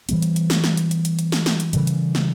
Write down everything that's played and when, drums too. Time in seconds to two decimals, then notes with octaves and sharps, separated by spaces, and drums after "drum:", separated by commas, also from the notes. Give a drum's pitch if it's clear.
0.09 E3 G3 B3, drum: hi-hat
0.22 drum: hi-hat
0.36 drum: hi-hat
0.50 drum: snare
0.64 drum: snare
0.77 drum: hi-hat
0.91 drum: hi-hat
1.05 drum: hi-hat
1.19 drum: hi-hat
1.32 drum: snare
1.46 drum: snare
1.60 drum: hi-hat
1.73 C#3 E3 G3, drum: hi-hat
1.87 drum: hi-hat
2.15 drum: snare